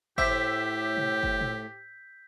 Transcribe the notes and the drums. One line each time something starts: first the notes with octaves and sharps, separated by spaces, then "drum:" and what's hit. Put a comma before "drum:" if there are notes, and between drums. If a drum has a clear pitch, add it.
A2 G4 C5 E5 D6 G6 B6, drum: kick G1
drum: tom
drum: kick G1
drum: tom